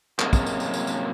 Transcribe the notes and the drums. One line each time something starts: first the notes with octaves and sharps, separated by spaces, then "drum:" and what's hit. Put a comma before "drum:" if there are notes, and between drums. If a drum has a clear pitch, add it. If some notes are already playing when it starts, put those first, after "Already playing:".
F#2 C3 G#3 A#3, drum: clap
drum: kick, tambourine
drum: tambourine
drum: tambourine
drum: tambourine
drum: tambourine